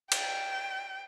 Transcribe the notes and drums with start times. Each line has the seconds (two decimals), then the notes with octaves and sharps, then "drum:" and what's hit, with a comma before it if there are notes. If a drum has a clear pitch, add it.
0.12 G5, drum: cymbal